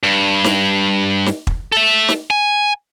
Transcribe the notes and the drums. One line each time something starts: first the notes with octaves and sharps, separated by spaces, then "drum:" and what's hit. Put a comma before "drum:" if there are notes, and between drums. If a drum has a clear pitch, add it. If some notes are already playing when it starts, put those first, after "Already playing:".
G2
drum: snare
drum: snare
drum: kick
A4 E5
drum: snare
G#5